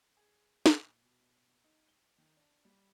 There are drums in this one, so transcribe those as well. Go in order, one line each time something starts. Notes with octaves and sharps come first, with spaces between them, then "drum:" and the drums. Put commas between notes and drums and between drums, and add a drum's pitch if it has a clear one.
G#4
A#2, drum: snare
B2
D#4
G7
D#3
D4
G3